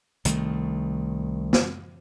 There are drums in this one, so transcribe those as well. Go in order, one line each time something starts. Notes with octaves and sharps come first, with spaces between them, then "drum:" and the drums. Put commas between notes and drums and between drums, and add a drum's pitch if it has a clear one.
C2 D#3 A3, drum: hi-hat
drum: snare